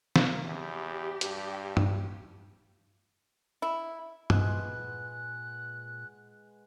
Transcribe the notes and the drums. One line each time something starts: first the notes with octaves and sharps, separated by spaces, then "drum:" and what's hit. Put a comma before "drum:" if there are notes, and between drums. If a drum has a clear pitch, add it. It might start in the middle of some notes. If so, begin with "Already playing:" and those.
A#3, drum: snare
E2 G4
G2, drum: hi-hat
drum: tom G2
E4
A#2 G#3 B4 F#5 F#6, drum: tom G2